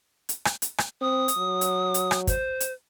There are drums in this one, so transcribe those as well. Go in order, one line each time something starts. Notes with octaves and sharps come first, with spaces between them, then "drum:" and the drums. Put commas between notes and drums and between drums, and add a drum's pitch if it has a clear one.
drum: hi-hat
drum: rim click
drum: hi-hat
drum: rim click
C4 D#6
drum: hi-hat
F#3
drum: hi-hat
drum: hi-hat
drum: rim click
C5, drum: kick, hi-hat
drum: hi-hat